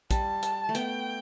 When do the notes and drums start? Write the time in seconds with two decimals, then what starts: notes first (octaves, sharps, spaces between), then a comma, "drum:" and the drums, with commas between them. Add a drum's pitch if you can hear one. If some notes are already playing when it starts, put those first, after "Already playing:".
0.11 G3 A5, drum: kick A#1, hi-hat
0.43 drum: hi-hat
0.69 A3
0.75 B3 G5, drum: hi-hat